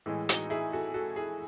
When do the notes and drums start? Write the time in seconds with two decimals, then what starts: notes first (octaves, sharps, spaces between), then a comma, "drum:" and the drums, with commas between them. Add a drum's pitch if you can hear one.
0.06 A2 E3 G#3
0.29 D#4 F#4, drum: hi-hat
0.50 E4 G#4
0.72 F#4 A4
0.94 F#4 A4
1.16 E4 G#4